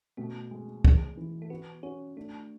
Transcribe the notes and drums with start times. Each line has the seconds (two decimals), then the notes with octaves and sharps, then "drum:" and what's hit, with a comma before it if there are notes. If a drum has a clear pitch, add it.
0.17 B2 A3
0.51 G#3
0.85 G#4, drum: kick C#2
1.17 E3
1.42 A3
1.50 B3 F#4
1.83 C#4 F#4
2.16 A3 D4